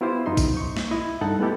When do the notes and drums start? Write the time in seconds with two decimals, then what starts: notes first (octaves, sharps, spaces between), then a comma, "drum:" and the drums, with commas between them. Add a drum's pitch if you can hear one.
0.01 B3 E4 F4 G4 C5
0.26 F#2 D#4 C6
0.37 drum: kick, tambourine
0.57 C#6
0.77 drum: snare
0.91 E4 D#5
1.21 G2 D#4 A4 F#5 A5 F#6
1.39 G#3 A3 B3 E4 G4 A4